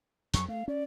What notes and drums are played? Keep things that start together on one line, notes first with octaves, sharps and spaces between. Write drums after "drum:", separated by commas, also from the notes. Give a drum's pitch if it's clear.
F2 F#3 C#6, drum: hi-hat
A3 F5
C#4 D5